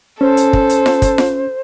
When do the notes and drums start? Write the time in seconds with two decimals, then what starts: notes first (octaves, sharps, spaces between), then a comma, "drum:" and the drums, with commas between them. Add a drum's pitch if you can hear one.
0.21 C#4 A4 C5
0.37 drum: hi-hat
0.53 drum: kick
0.69 drum: hi-hat
0.86 drum: snare F4
1.02 drum: kick, hi-hat
1.18 drum: snare F4